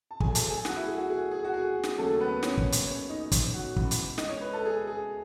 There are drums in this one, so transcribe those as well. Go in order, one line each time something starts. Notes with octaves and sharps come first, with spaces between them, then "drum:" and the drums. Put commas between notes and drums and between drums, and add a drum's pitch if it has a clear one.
A5
A2 F#3 A3 G#4 G#5, drum: kick
A4 A5, drum: hi-hat
G#4 G#5
F#4 F#5, drum: snare
E4 E5
G#4
F#4
G#4
G#4
F#4
G#4
drum: snare
D#2 C#3 F#3 A3 A4
B3 B4
C#4 C#5, drum: snare
drum: kick
drum: hi-hat
C#4 C#5
D#4 D#5
C#4 C#5, drum: kick, hi-hat
F#4
C#2 C#3 E3 G#3 B3, drum: kick
drum: hi-hat
D#5, drum: snare
C#5
B4
A4
G#4
G#4